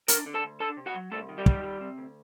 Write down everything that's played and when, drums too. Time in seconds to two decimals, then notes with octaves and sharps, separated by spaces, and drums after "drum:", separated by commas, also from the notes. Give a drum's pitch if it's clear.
0.08 D4 A#4 A#5, drum: hi-hat
0.26 D3
0.34 A4 A5
0.44 D2
0.60 D4 A4 A5
0.77 C3
0.86 F#4 F#5
0.94 F#3
1.12 C2 A3 A4
1.29 D#3
1.38 G3 G4
1.46 D#3, drum: kick
1.63 G3
1.81 C3
1.98 D2